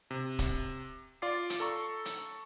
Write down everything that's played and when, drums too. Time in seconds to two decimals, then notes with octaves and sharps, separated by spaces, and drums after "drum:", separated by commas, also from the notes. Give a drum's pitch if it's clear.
0.11 C3
0.39 drum: kick C#1, hi-hat
1.22 F4 D5 D6 C7
1.50 drum: hi-hat
1.60 A4 A#5 C#6
2.05 drum: hi-hat